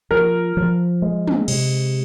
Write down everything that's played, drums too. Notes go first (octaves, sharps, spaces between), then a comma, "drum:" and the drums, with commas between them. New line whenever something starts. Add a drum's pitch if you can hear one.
F3 A#4
F3
G#3
drum: tom
C3, drum: cymbal